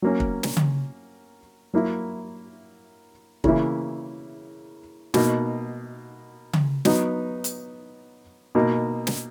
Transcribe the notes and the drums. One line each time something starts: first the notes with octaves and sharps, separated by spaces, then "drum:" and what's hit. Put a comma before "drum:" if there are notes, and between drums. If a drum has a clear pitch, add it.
F#3 A#3 C#4
drum: kick
drum: snare
drum: tom C#3
F#3 A#3 E4
C#3 E3 A#3 E4, drum: kick
B2 A#3 D#4, drum: snare
drum: tom C#3
F#3 B3 D#4, drum: snare
drum: hi-hat
B2 A#3 D#4
drum: snare